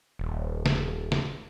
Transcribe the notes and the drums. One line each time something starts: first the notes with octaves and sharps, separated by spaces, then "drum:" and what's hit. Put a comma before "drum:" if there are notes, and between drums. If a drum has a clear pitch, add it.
D#1
drum: snare
drum: snare